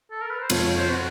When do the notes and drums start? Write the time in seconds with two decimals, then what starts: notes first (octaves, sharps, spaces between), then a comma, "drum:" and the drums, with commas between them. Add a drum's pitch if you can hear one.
0.11 A4
0.21 A#4
0.30 B4
0.40 C5
0.50 F2 F3 C#5, drum: cymbal
0.63 C#5
0.77 C5
0.91 F#4